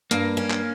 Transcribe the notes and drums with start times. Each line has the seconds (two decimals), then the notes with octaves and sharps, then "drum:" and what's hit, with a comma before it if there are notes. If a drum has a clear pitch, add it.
0.11 G2 A#3, drum: hi-hat
0.37 C#4
0.50 drum: clap